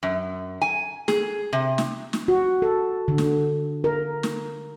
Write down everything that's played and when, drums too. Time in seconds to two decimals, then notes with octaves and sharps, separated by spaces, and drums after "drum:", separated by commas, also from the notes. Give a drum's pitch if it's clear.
0.03 F#2
0.61 G#5
1.08 G#4, drum: snare
1.53 C3
1.78 drum: snare
2.13 drum: snare
2.28 F#4
2.62 A4
3.08 D3
3.18 drum: snare
3.84 A#4
4.23 drum: snare